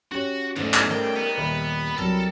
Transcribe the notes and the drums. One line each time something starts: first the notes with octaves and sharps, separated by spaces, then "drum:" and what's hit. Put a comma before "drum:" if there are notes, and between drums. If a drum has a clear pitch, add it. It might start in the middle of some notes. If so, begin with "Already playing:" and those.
C#4 F#4 G4 C#5
E2 G#2 D3 A3 C#4
drum: clap
G3 A#4 G5
B3 D#4
D#1 A#4 E5 B5
C2 F#3 G3 A4 A#4